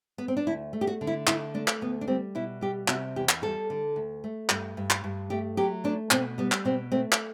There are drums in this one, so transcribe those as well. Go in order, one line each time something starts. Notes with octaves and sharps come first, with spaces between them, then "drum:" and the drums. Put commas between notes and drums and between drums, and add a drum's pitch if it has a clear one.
B3
C4
D4
D2 E4
A3
G4
F#4
D3
E4
D3 E4, drum: clap
A3 D4
drum: clap
D2 B3
D4
G3 C4
B2 E4
G3 G4
C3 F#4, drum: clap
E2 G4
drum: clap
G3 A4
D3
D2
A3
G2, drum: clap
G2
drum: clap
G2
A3 G4
F#3 G4
A3 D4
B2 C4, drum: clap
G3 B3
drum: clap
B2 C4
A3 C4
drum: clap